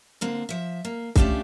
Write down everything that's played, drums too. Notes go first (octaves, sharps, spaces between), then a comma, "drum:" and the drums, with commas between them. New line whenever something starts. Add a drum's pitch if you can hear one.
D3 A#3 C4
F3 E5
A#3
A3 C#4 D4 F4 G4, drum: kick C2